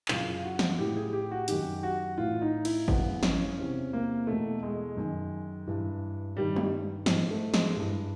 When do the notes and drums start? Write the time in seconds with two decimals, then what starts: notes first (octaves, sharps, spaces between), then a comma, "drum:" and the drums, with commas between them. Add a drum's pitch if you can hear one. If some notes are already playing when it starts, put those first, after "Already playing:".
0.08 F#2 C#3 E3 F4, drum: clap
0.44 F#4
0.59 drum: snare
0.78 A2 E3 G4
0.96 G#4
1.13 G4
1.31 F#4
1.48 F#2 D#3 G4, drum: hi-hat
1.83 F#4
2.18 A2 E3 F4
2.42 D#4
2.65 E4, drum: cymbal
2.88 F#2 C#3 E3 B3, drum: kick G#1
3.23 C#4, drum: snare
3.57 E2 C3 E3 C#4
3.93 A#3
4.27 E2 B2 A3
4.63 G#3
4.97 F#2 D#3
5.67 G2 E3
6.37 G2 D#3 G3
6.56 drum: tom
7.06 G#2 E3, drum: snare
7.30 A3
7.54 G#3, drum: snare
7.76 G2 E3